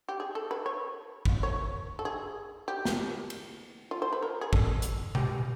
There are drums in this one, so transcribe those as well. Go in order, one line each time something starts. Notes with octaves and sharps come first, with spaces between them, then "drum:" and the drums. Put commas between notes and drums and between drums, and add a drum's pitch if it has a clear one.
G4
G#4
A4
B4
C#5
drum: kick
C#5
A4
G#4
G4
drum: snare
drum: cymbal
F4
C5
B4
A#4
G#4
A4, drum: kick
drum: hi-hat
G4, drum: tom B2